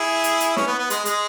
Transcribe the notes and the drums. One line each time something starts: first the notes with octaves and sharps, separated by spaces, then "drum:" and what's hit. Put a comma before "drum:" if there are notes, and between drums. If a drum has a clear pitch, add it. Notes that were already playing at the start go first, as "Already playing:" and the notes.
Already playing: E4 G#4
drum: hi-hat
drum: hi-hat
C#4, drum: snare
B3
B3
G#3, drum: hi-hat
G#3, drum: hi-hat